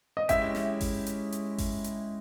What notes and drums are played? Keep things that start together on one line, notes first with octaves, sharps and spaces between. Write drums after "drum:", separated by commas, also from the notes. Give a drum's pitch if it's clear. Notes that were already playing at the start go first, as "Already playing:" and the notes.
D#5
G#3 C#4 E4 G4 E5, drum: kick G#1, hi-hat
drum: snare
drum: kick G#1, open hi-hat
drum: hi-hat
drum: hi-hat
drum: kick G#1, open hi-hat
drum: hi-hat